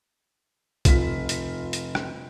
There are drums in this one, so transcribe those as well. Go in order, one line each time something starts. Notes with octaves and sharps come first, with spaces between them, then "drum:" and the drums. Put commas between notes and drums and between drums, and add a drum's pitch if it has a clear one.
F1 F4 B6, drum: kick B1, hi-hat
drum: hi-hat
drum: hi-hat
drum: rim click